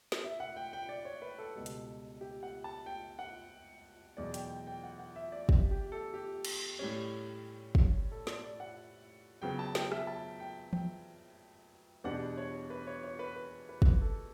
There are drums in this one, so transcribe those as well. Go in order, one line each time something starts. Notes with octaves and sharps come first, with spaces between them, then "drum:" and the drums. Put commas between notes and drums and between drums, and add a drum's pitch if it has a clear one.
drum: snare
E5
F#5
G5
G5
D5
C#5
B4
A4
C#2 B2 G3
drum: hi-hat
G4
F#5
A5
G5
F#5
E2 B2 F#3 B3 D5
G5, drum: hi-hat
G5
G5
F#5
F#5
E5
D5
G4, drum: kick
G4
A4
G4
drum: cymbal
A2 G3 C#4
drum: kick
A4
D5, drum: snare
D5
F#5
C#3 F#3 B3 G5
A5
G5, drum: snare
E5, drum: rim click
A5
G5
G5, drum: tom E3
E2 B2 G3 B3 D4 F#5
C#5
B4
C#5
C#5
B4
B4
B4
drum: kick
A4